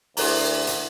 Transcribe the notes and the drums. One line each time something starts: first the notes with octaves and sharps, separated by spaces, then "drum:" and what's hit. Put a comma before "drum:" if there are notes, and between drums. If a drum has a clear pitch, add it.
D2 E4 A#4 A#5, drum: open hi-hat
drum: hi-hat